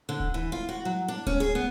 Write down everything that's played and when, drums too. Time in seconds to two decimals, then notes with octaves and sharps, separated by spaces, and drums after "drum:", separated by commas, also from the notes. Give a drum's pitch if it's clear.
0.09 D3
0.20 drum: kick D1
0.34 E3
0.52 F4
0.69 F#4
0.85 F#3
1.08 D4
1.27 C#4, drum: kick D1
1.40 G#4
1.55 B3